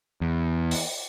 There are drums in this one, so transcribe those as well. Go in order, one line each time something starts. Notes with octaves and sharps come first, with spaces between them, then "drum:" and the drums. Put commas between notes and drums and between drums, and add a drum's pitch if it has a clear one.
E2
drum: open hi-hat